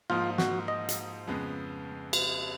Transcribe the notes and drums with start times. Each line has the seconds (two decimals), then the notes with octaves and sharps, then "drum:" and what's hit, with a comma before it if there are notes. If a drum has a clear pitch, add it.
0.10 G#2 F3 A#3 D#4 F4
0.38 F#4, drum: snare
0.68 D#5
0.89 drum: hi-hat
1.27 F2 C#3 G#3 B3
2.13 drum: cymbal